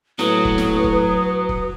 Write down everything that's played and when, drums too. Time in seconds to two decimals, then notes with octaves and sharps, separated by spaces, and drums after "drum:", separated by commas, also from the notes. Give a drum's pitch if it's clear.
0.19 A2 F#3 B4 D#6, drum: snare
0.45 drum: kick
0.58 drum: snare
0.84 drum: kick
1.49 drum: kick